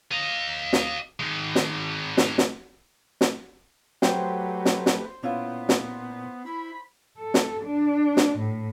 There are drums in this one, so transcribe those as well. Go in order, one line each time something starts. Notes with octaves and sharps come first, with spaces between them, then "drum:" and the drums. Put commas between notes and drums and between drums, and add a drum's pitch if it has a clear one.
D#5 F5
drum: snare
D#3 G#3
drum: snare
drum: snare
drum: snare
drum: snare
F#3 A3 G4 B4 C5 G5, drum: snare
drum: snare
drum: snare
A#2 B3 C#4 E4 F4
drum: snare
E4 B5
A4
drum: snare
D4
drum: snare
A2